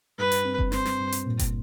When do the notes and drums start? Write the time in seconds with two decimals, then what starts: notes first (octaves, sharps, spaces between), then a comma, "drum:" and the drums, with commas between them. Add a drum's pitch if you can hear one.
0.18 G2 B4
0.32 drum: hi-hat
0.44 C4
0.59 drum: kick F#1
0.72 C4 C5, drum: snare
0.86 drum: snare
0.99 G2
1.12 drum: hi-hat
1.26 A#2
1.39 drum: kick F#1, hi-hat